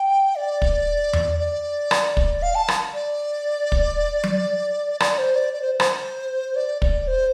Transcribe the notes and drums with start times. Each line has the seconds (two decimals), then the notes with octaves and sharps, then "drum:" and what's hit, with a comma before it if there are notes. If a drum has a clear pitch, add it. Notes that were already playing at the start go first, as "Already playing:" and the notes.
Already playing: G5
0.36 D5
0.62 drum: kick
1.13 drum: tom E2
1.39 D5
1.91 drum: rim click
2.17 drum: kick
2.43 F5
2.55 A5
2.68 drum: rim click
2.94 D5
3.72 drum: kick
4.24 drum: tom F#3
5.00 D5, drum: rim click
5.18 C5
5.36 D5
5.53 D5
5.62 C5
5.80 C5, drum: rim click
6.56 D5
6.82 D5, drum: kick
7.07 C5